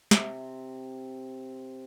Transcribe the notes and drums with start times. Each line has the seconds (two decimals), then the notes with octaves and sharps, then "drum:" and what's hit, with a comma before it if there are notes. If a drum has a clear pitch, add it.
0.11 C3 C4, drum: snare